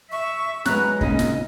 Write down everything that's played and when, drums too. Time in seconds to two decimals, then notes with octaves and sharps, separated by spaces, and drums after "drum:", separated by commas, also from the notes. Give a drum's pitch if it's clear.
0.12 E5 C#6
0.66 F#3 G#3 B3 A#5 F#6, drum: snare
1.01 A#2 C#3 D#4 D#5, drum: kick
1.19 drum: snare